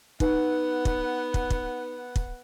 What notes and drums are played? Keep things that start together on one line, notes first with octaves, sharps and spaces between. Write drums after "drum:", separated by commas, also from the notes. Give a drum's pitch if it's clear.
B3 D#4 B4 F#5, drum: kick
drum: kick
drum: kick
drum: kick
drum: kick